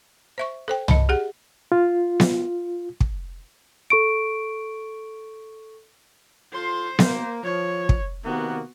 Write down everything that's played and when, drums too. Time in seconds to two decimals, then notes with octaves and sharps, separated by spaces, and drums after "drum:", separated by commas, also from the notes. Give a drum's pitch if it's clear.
0.38 C5 E5 C#6
0.68 A4 C5 G5
0.88 D#5 A5 B5, drum: tom C2
1.09 G4 G#4 F#5
1.72 F4
2.20 drum: snare B3
3.00 drum: kick
3.90 A4 C#6 D7
6.53 F4 A4 C5 C6
6.99 A#3, drum: snare B3
7.43 F3 C#5
7.89 drum: kick
8.24 C3 D#3 A#3 B3 F#4